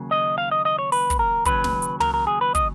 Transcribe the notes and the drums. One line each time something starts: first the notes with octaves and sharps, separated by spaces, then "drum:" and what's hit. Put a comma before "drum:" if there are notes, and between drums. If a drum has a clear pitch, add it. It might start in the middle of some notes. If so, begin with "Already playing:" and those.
Already playing: D#2 C#3 F#3 A#3
D#5
F5
D#5
D#5
C#5
B4, drum: open hi-hat
drum: kick, hi-hat
A#4
D#2 C#3 F#3 B4, drum: kick, hi-hat
drum: snare
drum: hi-hat
A#4, drum: tom
A#4
G#4
B4
D#5, drum: kick, hi-hat